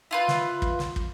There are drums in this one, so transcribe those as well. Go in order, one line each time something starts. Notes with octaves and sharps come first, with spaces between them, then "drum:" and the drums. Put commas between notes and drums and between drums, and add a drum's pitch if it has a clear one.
E4 F4 B4
drum: snare
drum: kick
drum: snare
drum: kick